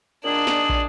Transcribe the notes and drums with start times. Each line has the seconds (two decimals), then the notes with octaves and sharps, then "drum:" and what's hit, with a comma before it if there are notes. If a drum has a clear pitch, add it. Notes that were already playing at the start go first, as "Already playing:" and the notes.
0.24 A#2 D#3 D4 G#4 F#7
0.47 drum: snare
0.69 drum: kick